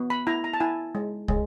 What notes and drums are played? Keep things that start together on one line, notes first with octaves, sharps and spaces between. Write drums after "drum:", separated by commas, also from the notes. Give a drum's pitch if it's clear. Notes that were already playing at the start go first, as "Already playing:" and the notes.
Already playing: B3
B5
E4 A#5
A#5
A5
E4 G#5
G#3
G#3, drum: kick